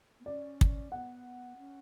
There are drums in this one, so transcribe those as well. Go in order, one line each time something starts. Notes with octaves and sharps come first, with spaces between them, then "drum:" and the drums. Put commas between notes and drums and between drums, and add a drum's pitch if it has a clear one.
B3
C#4 D5
drum: kick
B3 F#5
C#4